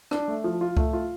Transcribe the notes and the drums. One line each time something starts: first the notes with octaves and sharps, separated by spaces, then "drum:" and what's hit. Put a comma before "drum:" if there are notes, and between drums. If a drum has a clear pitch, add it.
D4, drum: rim click
A3
F3
F4
A3, drum: kick C#2
F4